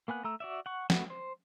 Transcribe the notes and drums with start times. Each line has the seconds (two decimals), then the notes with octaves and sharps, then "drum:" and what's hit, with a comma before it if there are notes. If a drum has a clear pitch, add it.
0.08 A#3 B3 G#5 F#6
0.24 A3 A#5 E6
0.40 F#4 D5 E5
0.66 F#5 C#6
0.90 A3 B3 F#4, drum: snare
1.10 C5